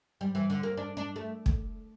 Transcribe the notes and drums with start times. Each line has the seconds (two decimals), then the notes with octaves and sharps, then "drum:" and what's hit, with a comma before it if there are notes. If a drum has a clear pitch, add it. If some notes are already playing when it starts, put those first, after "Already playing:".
0.21 G3
0.35 E3
0.50 D3
0.63 A#3
0.77 D4
0.97 D4
1.16 A3
1.46 drum: kick